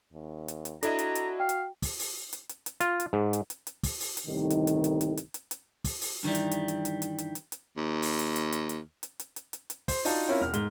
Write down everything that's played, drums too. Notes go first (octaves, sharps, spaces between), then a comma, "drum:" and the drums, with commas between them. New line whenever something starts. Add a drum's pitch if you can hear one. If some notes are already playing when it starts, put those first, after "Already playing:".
D#2
drum: hi-hat
drum: hi-hat
D4 E4 F#4 A4 D#5 A#5, drum: hi-hat
drum: hi-hat
drum: hi-hat
F5 G5
drum: hi-hat
drum: kick, open hi-hat
drum: open hi-hat
drum: hi-hat
drum: hi-hat
drum: hi-hat
F4, drum: hi-hat
drum: hi-hat
G#2
drum: hi-hat
drum: hi-hat
drum: hi-hat
drum: kick, open hi-hat
drum: open hi-hat
drum: hi-hat
G1 C2 A2 C3 D#3
drum: hi-hat
drum: hi-hat
drum: hi-hat
drum: hi-hat
drum: hi-hat
drum: hi-hat
drum: hi-hat
drum: kick, open hi-hat
drum: open hi-hat
G2 D#3 E3 G3
drum: hi-hat
drum: hi-hat
drum: hi-hat
drum: hi-hat
drum: hi-hat
drum: hi-hat
drum: hi-hat
drum: hi-hat
D#2
drum: open hi-hat
drum: hi-hat
drum: hi-hat
drum: hi-hat
drum: hi-hat
drum: hi-hat
drum: hi-hat
drum: hi-hat
drum: hi-hat
drum: hi-hat
C5, drum: kick, open hi-hat
D4 D#4 F4 F#4 A5, drum: open hi-hat
C4 C#4 E4 F4 A#4 C#5
E1 F6
G#2 G7, drum: hi-hat